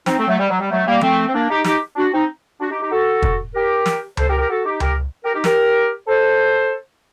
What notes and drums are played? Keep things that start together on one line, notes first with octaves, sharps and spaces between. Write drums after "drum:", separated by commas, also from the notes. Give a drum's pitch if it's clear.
C4 D#4, drum: snare
A3 C4
F#3 A3
G3
F#3
G3
F#3 A3
G3 A#3
A3 C4, drum: tom F3
C4
A#3 D4
D#4 G4
D#4 G4, drum: snare
D4 F#4
C4 D#4
D4 F#4
D#4 G4
D#4 G4
F#4 A4
drum: kick
G4 A#4
drum: snare
A4 C5, drum: tom C#2
G4 A#4
G4 A#4
F#4 A4
D#4 G4
G4 A#4, drum: tom C#2
G4 A#4
D#4 G4
G4 A#4, drum: snare
A4 C5